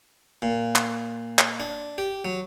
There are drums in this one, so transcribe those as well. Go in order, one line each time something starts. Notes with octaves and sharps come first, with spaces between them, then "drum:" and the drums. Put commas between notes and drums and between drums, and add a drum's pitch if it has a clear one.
A#2
drum: clap
drum: clap
D4
G4
F#3